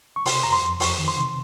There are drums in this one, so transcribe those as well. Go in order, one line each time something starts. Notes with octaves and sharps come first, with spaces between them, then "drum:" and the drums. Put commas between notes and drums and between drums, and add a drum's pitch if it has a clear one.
C#6
C3 C6, drum: open hi-hat
F2 A#5
C6
F2
F2 C#6, drum: open hi-hat
D#3
C6
C3